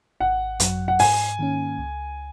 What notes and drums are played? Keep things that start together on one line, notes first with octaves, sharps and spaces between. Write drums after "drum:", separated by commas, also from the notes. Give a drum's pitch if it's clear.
G#1 F#5
F#2 F#3, drum: hi-hat
F#5
G#2 G#5, drum: open hi-hat
D#3 A#3 C#4
C#2